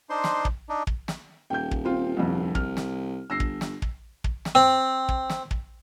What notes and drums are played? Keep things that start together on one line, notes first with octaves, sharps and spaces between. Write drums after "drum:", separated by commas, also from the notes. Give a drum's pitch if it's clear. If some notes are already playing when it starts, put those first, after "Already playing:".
D4 D#4 C5 C6
drum: snare
drum: kick
D4 D#4
drum: kick
drum: snare
D#1 G5 G6
drum: kick
C4 F4
C2 F2
C2 F6, drum: kick
drum: snare
G1 E6 A#6 C7
drum: kick
drum: snare
drum: kick
drum: kick
drum: snare
C4
drum: kick
drum: snare
drum: kick